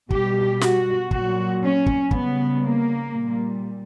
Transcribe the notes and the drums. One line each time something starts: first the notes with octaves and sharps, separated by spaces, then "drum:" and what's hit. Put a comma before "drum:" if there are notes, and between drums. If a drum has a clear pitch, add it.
B2 G3 G4, drum: kick
F#4, drum: snare
A#2 F#3 F#4, drum: kick
C#4
drum: kick
C#3 G3 B3, drum: kick
A#3
A#2 G3